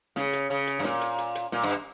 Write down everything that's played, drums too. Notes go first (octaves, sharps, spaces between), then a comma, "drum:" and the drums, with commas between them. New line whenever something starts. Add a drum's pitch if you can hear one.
C#3, drum: snare
drum: hi-hat
C#3
drum: hi-hat
G2
A#2, drum: snare
drum: hi-hat
drum: hi-hat
drum: hi-hat
A#2, drum: snare
G2